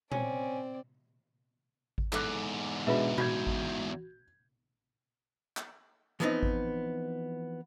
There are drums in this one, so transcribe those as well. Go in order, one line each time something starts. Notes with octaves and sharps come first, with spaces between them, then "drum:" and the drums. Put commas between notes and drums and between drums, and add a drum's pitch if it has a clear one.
C4 C#4 D5, drum: tom A#2
drum: kick G#1
E2 G#2 A4 D6 F#6, drum: clap
B2 G#3 D4 F#4 B4 E5
F#4 G6 G#6, drum: tom A#2
drum: kick G#1
drum: clap
E3 F3 B3 C4 D4 D#4
drum: kick G#1